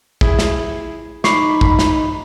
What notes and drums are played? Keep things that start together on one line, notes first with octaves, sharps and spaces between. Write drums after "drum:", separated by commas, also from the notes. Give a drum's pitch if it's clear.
E4 G#4, drum: kick A1
drum: snare
D#4 B5 C#6 D6 C7, drum: snare
drum: kick A1
drum: snare